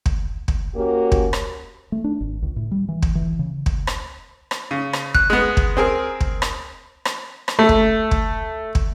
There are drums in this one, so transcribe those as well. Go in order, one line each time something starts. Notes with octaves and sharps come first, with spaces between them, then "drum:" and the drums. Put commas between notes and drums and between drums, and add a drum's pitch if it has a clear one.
drum: kick
drum: kick
A#3 C#4 F#4 G4 A#4
drum: kick
drum: rim click
A3
D4
G#1
C#2
A2
G3
E3
drum: kick
E3
C#3
drum: kick
drum: rim click
drum: rim click
C#3
drum: rim click
F#6, drum: kick
G#3 B3
drum: kick
C4 G#4 A#4
drum: kick
drum: rim click
drum: rim click
drum: rim click
A3
drum: kick
drum: kick
drum: kick